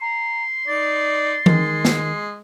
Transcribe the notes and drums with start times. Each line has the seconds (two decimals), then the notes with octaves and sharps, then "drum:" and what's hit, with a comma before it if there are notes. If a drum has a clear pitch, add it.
0.01 A#5 C6
0.67 D#4 D5 A6
1.46 D#3 G#3, drum: tom E3
1.85 drum: snare